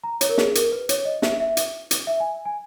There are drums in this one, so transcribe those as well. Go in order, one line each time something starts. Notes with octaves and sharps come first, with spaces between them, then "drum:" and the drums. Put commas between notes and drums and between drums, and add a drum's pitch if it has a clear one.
A#5
C#5, drum: hi-hat
A#4
G#4, drum: snare
A#4, drum: hi-hat
B4
C#5, drum: hi-hat
D#5
E5, drum: snare
E5
drum: hi-hat
drum: hi-hat
E5
G#5
G#5